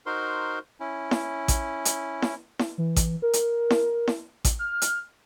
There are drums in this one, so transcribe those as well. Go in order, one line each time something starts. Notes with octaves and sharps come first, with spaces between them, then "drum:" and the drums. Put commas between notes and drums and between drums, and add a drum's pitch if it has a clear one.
D#4 F#4 A#4 C5 C6
C#4 E4
drum: snare E4
drum: kick A1, hi-hat
drum: hi-hat
drum: snare E4
drum: snare E4
E3
drum: kick A1, hi-hat
A#4
drum: hi-hat
drum: snare E4
drum: snare E4
drum: kick A1, hi-hat
F6
drum: hi-hat